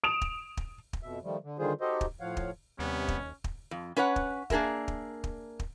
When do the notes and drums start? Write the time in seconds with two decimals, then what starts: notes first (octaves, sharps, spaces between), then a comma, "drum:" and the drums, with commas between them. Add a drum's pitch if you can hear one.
0.04 D#6 D7 E7 F7
0.21 drum: kick
0.57 drum: kick
0.93 drum: kick
1.03 F2 B2 E5
1.23 D#3 F3 G3 A3
1.44 D3
1.59 D3 D#3 G3 F4 G#4 C5
1.81 D#4 F#4 G4 A4 C5 D#5
2.01 drum: kick
2.20 A2 F3 C#5 F5 F#5
2.37 drum: kick
2.79 D#2 C3 G3 B3 C#4
3.08 drum: kick
3.44 drum: kick
3.71 F2
3.97 C#4 B4 C#5 F#5
4.16 drum: kick
4.50 A#3 D4 G#4 A#4 E5, drum: kick
4.88 drum: kick
5.24 drum: kick
5.60 drum: kick